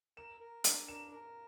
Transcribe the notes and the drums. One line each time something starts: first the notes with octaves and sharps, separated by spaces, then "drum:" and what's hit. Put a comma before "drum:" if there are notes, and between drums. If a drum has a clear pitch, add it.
A#4 E7
A#4
D4, drum: hi-hat
A#4 E7
A#4